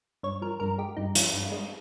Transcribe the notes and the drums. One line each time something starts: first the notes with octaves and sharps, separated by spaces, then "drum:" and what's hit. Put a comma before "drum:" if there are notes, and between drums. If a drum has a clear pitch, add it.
G2 C#5
F3 A#4
G2 A#4
G#3 G4
G2 D#4
F3, drum: hi-hat
G2
G#3